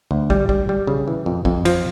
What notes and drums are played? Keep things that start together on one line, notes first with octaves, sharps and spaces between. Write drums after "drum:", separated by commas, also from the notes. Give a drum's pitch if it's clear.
D2
G3, drum: kick
G3, drum: kick
G3
C#3
E3
F2
F2, drum: kick
F3, drum: cymbal